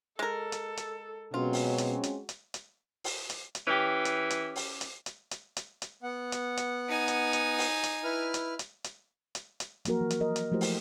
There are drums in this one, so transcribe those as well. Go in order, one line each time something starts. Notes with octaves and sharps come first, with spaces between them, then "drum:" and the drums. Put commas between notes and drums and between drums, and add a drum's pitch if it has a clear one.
G#3 A4 A#4
drum: hi-hat
drum: hi-hat
B2 F#3 G#3 C4 C#4 F4
drum: open hi-hat
drum: hi-hat
drum: hi-hat
drum: hi-hat
drum: hi-hat
drum: open hi-hat
drum: hi-hat
drum: hi-hat
E3 C#4 G4
drum: hi-hat
drum: hi-hat
drum: open hi-hat
drum: hi-hat
drum: hi-hat
drum: hi-hat
drum: hi-hat
drum: hi-hat
B3 F#5
drum: hi-hat
drum: hi-hat
D#4 G#5
drum: hi-hat
drum: hi-hat
drum: open hi-hat
drum: hi-hat
E4 B4 F6
drum: hi-hat
drum: hi-hat
drum: hi-hat
drum: hi-hat
drum: hi-hat
F3 F#3 A#3 F#4 A#4, drum: hi-hat
E3
drum: hi-hat
A#4 D#5
drum: hi-hat
F3 A3 E4 F#4 G4 C5
drum: open hi-hat